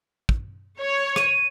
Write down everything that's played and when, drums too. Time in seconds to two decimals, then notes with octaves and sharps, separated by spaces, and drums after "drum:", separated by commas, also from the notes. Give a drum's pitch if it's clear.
0.29 drum: kick
0.79 C#5
1.16 D#7, drum: rim click